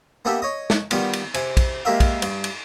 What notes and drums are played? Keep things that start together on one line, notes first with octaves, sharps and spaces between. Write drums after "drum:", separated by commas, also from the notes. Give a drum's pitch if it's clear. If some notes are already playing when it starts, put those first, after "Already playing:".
A#3 B3 D4 G4 E5
C#5 D#5
drum: snare
D#3 G3 B3 F4, drum: cymbal
drum: cymbal
C3 G#5, drum: cymbal
drum: kick, cymbal
G#3 A#3 G4 A#4 E5 F5
drum: kick, cymbal
G2, drum: cymbal
drum: cymbal